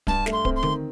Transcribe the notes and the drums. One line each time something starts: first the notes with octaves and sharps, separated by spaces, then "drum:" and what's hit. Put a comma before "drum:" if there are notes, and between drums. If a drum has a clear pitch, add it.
G2 A5, drum: kick D1
A3, drum: snare
C6
C4, drum: kick D1
C6
D#3, drum: tom D3